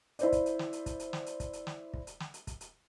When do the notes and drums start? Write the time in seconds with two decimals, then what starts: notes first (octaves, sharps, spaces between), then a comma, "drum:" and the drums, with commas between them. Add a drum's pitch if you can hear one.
0.19 E4 C5 D5, drum: hi-hat
0.32 drum: kick, hi-hat
0.46 drum: hi-hat
0.59 drum: snare
0.73 drum: hi-hat
0.86 drum: kick, hi-hat
1.00 drum: hi-hat
1.13 drum: snare
1.26 drum: hi-hat
1.40 drum: kick, hi-hat
1.53 drum: hi-hat
1.67 drum: snare
1.94 drum: kick
2.07 drum: hi-hat
2.20 drum: snare
2.34 drum: hi-hat
2.47 drum: kick, hi-hat
2.61 drum: hi-hat